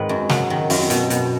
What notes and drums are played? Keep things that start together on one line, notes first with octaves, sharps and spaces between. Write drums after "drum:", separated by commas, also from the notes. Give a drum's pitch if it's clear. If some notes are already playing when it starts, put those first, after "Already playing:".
Already playing: G#2 D#3 B4
F#2
F#3, drum: snare
D#3
F#2, drum: open hi-hat
B2, drum: hi-hat
B2, drum: hi-hat